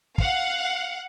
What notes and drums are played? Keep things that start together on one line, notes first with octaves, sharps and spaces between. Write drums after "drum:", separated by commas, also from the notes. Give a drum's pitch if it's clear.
F5 F#5, drum: kick